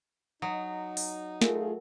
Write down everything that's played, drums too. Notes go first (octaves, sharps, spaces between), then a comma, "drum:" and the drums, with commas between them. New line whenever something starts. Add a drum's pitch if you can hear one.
F#3 D#4 D#5 D#6
drum: open hi-hat
A3 F4 G#4 A#4 E5 G#5, drum: snare